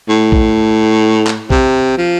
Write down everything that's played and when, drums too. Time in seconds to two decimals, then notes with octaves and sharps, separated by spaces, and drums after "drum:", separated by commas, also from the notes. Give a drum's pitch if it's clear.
0.09 A2
0.32 drum: kick A#1
1.27 drum: clap
1.50 C3, drum: kick A#1
1.98 F3